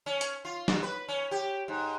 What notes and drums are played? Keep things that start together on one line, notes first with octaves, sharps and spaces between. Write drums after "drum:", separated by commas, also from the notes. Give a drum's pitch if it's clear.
C#4
drum: hi-hat
F4
G2, drum: snare
B4
C#4
G4
G#2